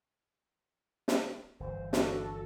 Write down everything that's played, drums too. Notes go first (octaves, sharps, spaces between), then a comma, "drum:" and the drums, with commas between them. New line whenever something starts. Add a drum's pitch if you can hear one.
drum: snare
G1 E3 C5
D4 F#4 A4, drum: snare